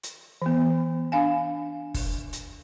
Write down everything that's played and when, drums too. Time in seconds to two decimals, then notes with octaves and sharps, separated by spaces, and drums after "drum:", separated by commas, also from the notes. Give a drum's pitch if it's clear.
0.03 drum: hi-hat
0.42 E3 B3
1.12 D4 F5 G#5
1.94 drum: kick F#1, open hi-hat
2.33 drum: hi-hat